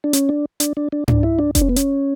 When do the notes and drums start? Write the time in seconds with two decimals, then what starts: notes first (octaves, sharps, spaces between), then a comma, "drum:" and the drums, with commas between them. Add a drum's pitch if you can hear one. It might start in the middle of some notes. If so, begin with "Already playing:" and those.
0.04 D4
0.13 C#4, drum: hi-hat
0.29 D4
0.60 D4, drum: hi-hat
0.77 D4
0.92 D4
1.08 D4, drum: tom G#2
1.23 E4
1.39 D4
1.55 D4, drum: kick F1, hi-hat
1.61 C#4
1.69 B3
1.76 C#4, drum: hi-hat